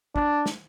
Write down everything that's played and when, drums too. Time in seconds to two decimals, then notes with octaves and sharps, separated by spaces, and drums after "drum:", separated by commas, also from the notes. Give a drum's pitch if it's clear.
0.16 D4, drum: kick
0.46 drum: snare